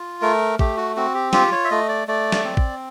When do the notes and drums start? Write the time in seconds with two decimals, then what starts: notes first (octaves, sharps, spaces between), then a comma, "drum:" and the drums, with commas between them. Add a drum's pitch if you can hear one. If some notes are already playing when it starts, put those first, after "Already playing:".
Already playing: F4
0.22 A3 A#4
0.59 A3 G4, drum: kick A1
0.77 F#4
0.96 C4 F#4
1.14 G4
1.33 F4 G4, drum: snare
1.52 C#5
1.65 E5
1.71 A3 D#5
1.88 D5
2.08 A3 D5
2.32 drum: snare
2.44 C4
2.57 drum: kick A1